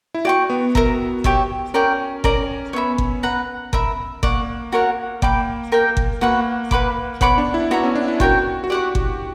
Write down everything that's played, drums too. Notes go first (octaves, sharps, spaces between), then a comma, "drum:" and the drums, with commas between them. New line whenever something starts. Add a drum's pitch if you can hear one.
E4
F#4 D5 G5 C#6
B3
A#4 E5 A#5, drum: kick G1
G4 C#5 E5, drum: kick G1
C#4 A#4 D5 G5 C#6
C#4 A#4 D5 A#5, drum: kick G1
B3 C#5 E5 B5
drum: kick G1
B4 F#5 A#5
A#4 E5 B5, drum: kick G1
A#3 D5 F#5 C#6, drum: kick G1
F#4 A#4 C#5 F#5
A#3 D5 G5 B5 D6, drum: kick G1
G4 A#4 D5 G5
drum: kick G1
A#3 F#4 B4 F#5 C#6
B4 F#5 B5 D6, drum: kick G1
B3 C#5 F#5 B5 D6, drum: kick G1
D4
E4
B3 F#4 C#5 E5 A#5
C#4
D4
E4
F#4 A#4 C#5 G5 C#6, drum: kick G1
F#4
G4 D5 F#5 C#6
drum: kick G1